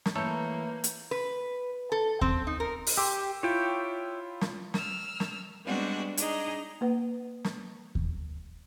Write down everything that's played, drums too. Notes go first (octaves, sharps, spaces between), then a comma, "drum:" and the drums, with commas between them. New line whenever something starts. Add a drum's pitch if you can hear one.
drum: snare
E3 A3 A#3 A4 C#5 A#5 G6
drum: hi-hat
B4
A4
C4, drum: kick D#2
D#4
A#4
drum: open hi-hat
G4 C6 D6 E6
E4 F4 C#5 E5 G5
drum: snare
E6 F6, drum: snare
drum: snare
G3 G#3 B3 C4 D4 F#4
D4 D#4 G#4 D#5 A#5, drum: hi-hat
A#3 B4 F#5
drum: snare
drum: kick D#2